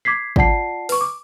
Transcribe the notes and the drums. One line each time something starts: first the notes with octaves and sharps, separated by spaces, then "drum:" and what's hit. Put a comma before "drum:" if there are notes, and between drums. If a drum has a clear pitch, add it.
D6 G#6 B6 C7
F4 D5 F#5 A5 C7, drum: kick
B4 C#6, drum: open hi-hat
D6